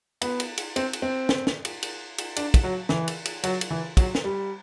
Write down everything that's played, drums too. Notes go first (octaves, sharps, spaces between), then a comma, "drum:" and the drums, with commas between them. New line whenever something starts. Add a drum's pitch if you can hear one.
B3, drum: cymbal
drum: cymbal
drum: cymbal
C4, drum: cymbal
drum: cymbal
C4
drum: snare
drum: snare
drum: cymbal
drum: cymbal
drum: cymbal
D4, drum: cymbal
drum: kick, cymbal
F#3
E3, drum: snare
drum: cymbal
drum: cymbal
F#3, drum: cymbal
drum: cymbal
E3
F#3, drum: kick, cymbal
drum: snare
G3